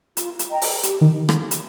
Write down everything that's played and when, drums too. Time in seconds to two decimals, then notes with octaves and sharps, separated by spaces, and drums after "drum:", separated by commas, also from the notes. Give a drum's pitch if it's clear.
0.17 F4, drum: hi-hat
0.39 drum: hi-hat
0.50 D#5 G5 A#5
0.62 drum: open hi-hat
0.83 G4, drum: hi-hat
1.01 D#3
1.29 drum: rim click
1.51 drum: hi-hat